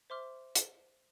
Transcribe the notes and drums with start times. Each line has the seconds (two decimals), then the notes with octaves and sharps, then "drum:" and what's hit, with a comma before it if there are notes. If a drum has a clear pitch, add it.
0.10 C5 E5 C6 D6 F6
0.55 drum: hi-hat